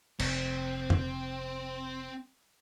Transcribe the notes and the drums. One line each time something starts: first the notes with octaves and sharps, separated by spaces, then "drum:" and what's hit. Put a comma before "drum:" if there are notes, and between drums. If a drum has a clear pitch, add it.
F1 C4, drum: cymbal
drum: tom F2